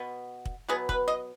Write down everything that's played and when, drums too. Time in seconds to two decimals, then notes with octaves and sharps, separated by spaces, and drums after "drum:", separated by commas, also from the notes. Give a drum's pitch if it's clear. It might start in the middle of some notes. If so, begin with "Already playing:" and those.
Already playing: B2 B3
0.45 drum: kick
0.68 B2 F#3 B3 G#4
0.89 B4, drum: kick
1.08 D#5